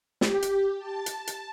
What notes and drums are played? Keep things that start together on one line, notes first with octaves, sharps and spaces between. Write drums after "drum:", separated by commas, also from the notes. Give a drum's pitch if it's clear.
G4, drum: snare
drum: hi-hat
A5
drum: hi-hat
drum: hi-hat